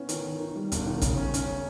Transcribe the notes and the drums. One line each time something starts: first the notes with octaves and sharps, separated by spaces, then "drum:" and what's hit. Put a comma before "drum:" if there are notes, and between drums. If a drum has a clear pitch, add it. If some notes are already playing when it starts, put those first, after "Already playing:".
Already playing: B3 C#4 E4
D#3, drum: hi-hat
D#3
D#3
G3
E1, drum: hi-hat
D#3
C#3, drum: kick, hi-hat
C#4
C#4, drum: hi-hat